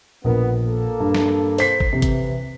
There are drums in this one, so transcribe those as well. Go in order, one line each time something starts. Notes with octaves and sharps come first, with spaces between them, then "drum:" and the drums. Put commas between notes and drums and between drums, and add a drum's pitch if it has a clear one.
A#1 B3 A#4
A#3 A4
G2
drum: snare
C5 B6 C7, drum: open hi-hat
drum: kick
C3 E3
drum: kick, hi-hat